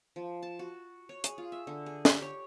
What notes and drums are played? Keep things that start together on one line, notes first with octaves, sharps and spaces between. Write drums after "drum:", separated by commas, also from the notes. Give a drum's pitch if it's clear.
F3
A5
F#4
C#5
G#4, drum: hi-hat
F4
E5
D3
G#4
G4, drum: snare
C#5